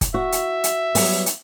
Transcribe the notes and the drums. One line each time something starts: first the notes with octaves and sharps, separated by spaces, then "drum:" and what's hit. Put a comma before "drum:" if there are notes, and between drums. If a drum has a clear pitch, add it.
drum: kick, hi-hat
F#4 E5
drum: hi-hat
drum: hi-hat
F#3 G3 B3, drum: open hi-hat
drum: hi-hat